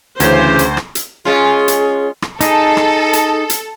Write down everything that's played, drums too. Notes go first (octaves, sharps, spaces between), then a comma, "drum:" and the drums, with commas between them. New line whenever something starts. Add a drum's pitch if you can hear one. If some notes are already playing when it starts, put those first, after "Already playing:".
D2 C#3 E3 G4 C5 G#6, drum: hi-hat
drum: hi-hat
drum: rim click
drum: hi-hat
G#3 C#4 F4 G#4
drum: hi-hat
drum: rim click
D#4 G#4 A4, drum: hi-hat
drum: rim click
drum: hi-hat
drum: hi-hat